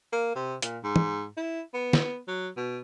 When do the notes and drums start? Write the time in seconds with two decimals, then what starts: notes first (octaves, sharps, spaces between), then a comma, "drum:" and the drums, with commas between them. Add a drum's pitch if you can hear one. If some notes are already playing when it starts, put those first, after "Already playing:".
0.13 A#3
0.35 C3
0.62 A#2, drum: hi-hat
0.84 G#2
0.96 drum: tom
1.37 E4
1.74 B3
1.93 drum: snare
2.28 F#3
2.57 B2